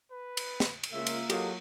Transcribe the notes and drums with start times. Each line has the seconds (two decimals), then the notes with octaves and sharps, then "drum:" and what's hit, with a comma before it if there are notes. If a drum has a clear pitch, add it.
0.11 B4
0.37 drum: cymbal
0.60 drum: snare
0.83 drum: cymbal
0.93 C#3 G#3 A#3 F4 A#4 E5
1.07 drum: cymbal
1.30 F#3 G4 A4 D#5 F5, drum: cymbal